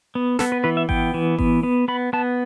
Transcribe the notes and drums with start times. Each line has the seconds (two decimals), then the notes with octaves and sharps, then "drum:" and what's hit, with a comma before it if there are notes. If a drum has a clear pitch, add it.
0.15 B3
0.39 B3 A4, drum: snare
0.52 B4
0.64 E3 B4
0.77 E5
0.89 B3 G5, drum: kick G#1
1.14 E3
1.39 B3, drum: kick G#1
1.63 B3
1.88 B3 B5
2.13 B3 A5